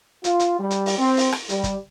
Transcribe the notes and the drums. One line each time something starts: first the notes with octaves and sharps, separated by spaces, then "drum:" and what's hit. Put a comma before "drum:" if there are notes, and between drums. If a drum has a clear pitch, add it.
F4, drum: hi-hat
drum: hi-hat
G3
drum: hi-hat
drum: open hi-hat
C4
drum: open hi-hat
drum: rim click
G3, drum: hi-hat
drum: kick, hi-hat